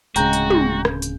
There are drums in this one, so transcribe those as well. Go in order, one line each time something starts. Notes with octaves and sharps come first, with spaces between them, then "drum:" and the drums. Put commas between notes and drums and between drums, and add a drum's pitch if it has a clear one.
D1 C#3 G#3 F#4 G5 A#5 G6, drum: hi-hat
drum: hi-hat
drum: tom
drum: rim click
drum: hi-hat